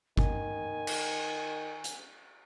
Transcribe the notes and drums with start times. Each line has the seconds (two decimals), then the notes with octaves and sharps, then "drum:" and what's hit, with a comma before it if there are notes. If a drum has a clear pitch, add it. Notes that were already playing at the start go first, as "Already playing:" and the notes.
0.17 D#3 G#5, drum: kick G1
0.87 drum: cymbal
1.84 drum: hi-hat